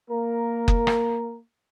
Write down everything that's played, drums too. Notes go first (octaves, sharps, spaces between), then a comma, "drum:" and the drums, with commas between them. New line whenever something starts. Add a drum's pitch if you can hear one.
A#3 A#4
drum: kick F#1
drum: rim click